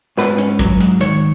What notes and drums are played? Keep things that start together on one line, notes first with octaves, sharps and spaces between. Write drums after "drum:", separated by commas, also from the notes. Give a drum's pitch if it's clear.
G#2 B4, drum: snare
C#4, drum: hi-hat
F#3, drum: kick, hi-hat
G#2, drum: hi-hat
D#3 C#5, drum: hi-hat